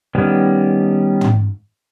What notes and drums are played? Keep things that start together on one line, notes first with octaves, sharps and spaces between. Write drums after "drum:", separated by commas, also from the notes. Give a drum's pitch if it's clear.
D#3 G3 B3 C#4
drum: tom